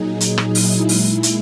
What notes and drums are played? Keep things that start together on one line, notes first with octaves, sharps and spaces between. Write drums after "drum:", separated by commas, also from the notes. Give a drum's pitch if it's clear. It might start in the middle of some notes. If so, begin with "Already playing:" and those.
Already playing: A#2 F#3 D#4 G#4
drum: hi-hat
drum: rim click
E4, drum: open hi-hat
A#2 G#3, drum: open hi-hat
drum: hi-hat